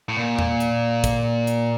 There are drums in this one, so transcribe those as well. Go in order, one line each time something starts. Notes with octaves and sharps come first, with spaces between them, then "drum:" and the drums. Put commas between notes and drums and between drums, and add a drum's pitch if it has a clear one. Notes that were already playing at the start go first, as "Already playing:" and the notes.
A2
A#2
drum: tom E2
drum: hi-hat
drum: kick, hi-hat
drum: hi-hat